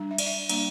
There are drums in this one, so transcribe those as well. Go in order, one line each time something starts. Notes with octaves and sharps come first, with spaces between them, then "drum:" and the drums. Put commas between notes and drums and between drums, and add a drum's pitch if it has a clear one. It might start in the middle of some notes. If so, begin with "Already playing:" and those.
Already playing: G3 D4
E5
D5, drum: cymbal
E5
G3 A#3 D4, drum: cymbal